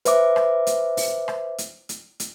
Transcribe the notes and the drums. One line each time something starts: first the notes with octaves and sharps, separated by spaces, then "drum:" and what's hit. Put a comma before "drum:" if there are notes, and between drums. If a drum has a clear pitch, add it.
B4 C5 E5 D6, drum: hi-hat
drum: rim click
drum: hi-hat
drum: open hi-hat
drum: rim click
drum: hi-hat
drum: hi-hat
drum: hi-hat